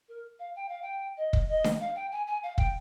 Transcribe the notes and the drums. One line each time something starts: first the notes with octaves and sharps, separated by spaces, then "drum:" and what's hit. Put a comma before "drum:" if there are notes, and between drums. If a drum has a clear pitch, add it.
A#4
F5
G5
F5
G5
D#5
drum: kick
D#5
drum: snare D4
F5
G5
G#5
G#5
F5
G5, drum: kick